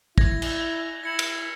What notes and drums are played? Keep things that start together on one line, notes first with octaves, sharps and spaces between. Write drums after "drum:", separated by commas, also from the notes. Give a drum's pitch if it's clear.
E4 G#6 A#6, drum: kick
drum: cymbal
E4 A#6 C#7 F#7
drum: cymbal